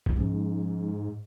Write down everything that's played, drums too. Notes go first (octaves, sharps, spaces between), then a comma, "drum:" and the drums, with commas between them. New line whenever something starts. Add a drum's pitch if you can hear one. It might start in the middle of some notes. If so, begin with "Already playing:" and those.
drum: kick A1
G#2 F3 C#4